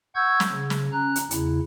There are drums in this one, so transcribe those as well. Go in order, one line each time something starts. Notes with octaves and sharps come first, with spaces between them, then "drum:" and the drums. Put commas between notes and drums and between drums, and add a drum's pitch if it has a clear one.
F#5 C#6 E6 G6 G#6
drum: snare
C#3
drum: snare
C#4 A#5 F#6
drum: hi-hat
E2 C#3 E4, drum: hi-hat